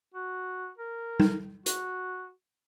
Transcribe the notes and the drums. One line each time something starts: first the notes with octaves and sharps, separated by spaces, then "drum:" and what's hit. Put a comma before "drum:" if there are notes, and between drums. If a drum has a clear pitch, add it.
F#4
A#4
drum: tom G3
F#4, drum: hi-hat